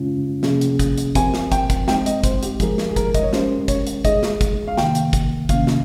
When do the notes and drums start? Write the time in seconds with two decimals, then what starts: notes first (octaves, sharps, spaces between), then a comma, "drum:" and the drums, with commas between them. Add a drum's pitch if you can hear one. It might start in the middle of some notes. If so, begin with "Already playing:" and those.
Already playing: C#3 G#3 C#4 F4
0.43 C3 F3 A#3 C#4 G#4, drum: snare
0.61 drum: hi-hat
0.79 drum: kick, hi-hat
0.98 drum: hi-hat
1.15 F3 C4 G4 A#4 G#5, drum: kick, hi-hat
1.34 drum: snare
1.52 G5, drum: kick, hi-hat
1.70 drum: kick, hi-hat
1.88 G#3 C4 D#4 G5, drum: snare
2.06 D#5, drum: hi-hat
2.24 C5, drum: kick, hi-hat
2.43 G4, drum: hi-hat
2.60 F3 G#3 D#4 G4 G#4 A#4, drum: kick, hi-hat
2.78 drum: snare
2.89 G#4
2.96 A#4, drum: kick, hi-hat
3.14 D#5, drum: kick, hi-hat
3.23 C#5
3.33 G#3 C#4 G4 A#4 C5, drum: snare
3.68 C#5, drum: kick, hi-hat
3.87 drum: hi-hat
4.05 G#3 D#4 G#4 D#5, drum: kick, hi-hat
4.23 drum: snare
4.41 drum: kick, hi-hat
4.68 F5
4.77 C3 D#3 A#3 G5, drum: snare
4.95 drum: hi-hat
5.13 drum: kick, hi-hat
5.49 C3 D#3 A#3 C#4 F5, drum: kick, hi-hat
5.67 drum: snare